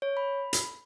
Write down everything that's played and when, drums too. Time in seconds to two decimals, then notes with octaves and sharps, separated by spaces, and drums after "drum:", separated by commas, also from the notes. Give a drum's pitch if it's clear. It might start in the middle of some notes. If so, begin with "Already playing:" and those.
0.02 C#5
0.17 B5
0.53 drum: hi-hat